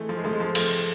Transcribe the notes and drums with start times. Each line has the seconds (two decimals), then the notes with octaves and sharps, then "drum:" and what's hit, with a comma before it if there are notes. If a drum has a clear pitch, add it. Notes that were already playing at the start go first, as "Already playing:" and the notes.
Already playing: E3 G#3 A3
0.09 F3
0.17 G#3
0.24 F3 A3
0.33 G#3
0.40 F3
0.55 F3 A3, drum: cymbal